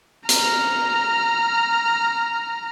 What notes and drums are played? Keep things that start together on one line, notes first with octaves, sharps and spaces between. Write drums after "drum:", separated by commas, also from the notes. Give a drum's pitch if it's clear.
A#5 F6, drum: hi-hat